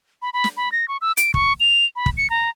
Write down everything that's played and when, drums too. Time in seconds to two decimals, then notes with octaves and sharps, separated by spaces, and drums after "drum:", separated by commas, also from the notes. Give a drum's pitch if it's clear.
0.22 B5
0.33 B5
0.44 drum: snare
0.57 B5
0.72 A#6
0.88 C#6
1.01 E6
1.17 D7, drum: hi-hat
1.34 C#6, drum: kick
1.60 F7
1.96 B5
2.06 drum: kick
2.17 C#7
2.30 A#5